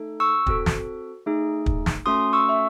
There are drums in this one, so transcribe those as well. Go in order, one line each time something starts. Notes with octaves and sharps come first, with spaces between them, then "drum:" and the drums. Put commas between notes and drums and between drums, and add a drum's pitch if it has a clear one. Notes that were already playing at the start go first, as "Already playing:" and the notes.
Already playing: A3 D#4 A4
C#6 E6
C4 F#4 A4, drum: kick
drum: snare
A3 D#4 G#4
drum: kick
drum: snare
A3 C#4 F#4 A4 C6 D#6
C#6 E6
E5